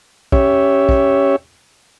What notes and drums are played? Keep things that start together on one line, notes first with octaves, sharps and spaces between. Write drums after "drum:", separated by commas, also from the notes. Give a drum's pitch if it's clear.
C#4 G4 C#5 E5, drum: kick
drum: kick